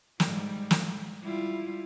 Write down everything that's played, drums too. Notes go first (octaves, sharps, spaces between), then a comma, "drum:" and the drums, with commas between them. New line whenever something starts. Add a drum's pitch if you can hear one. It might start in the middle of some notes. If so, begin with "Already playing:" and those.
G#2 G3, drum: snare
drum: snare
G3 E4 F4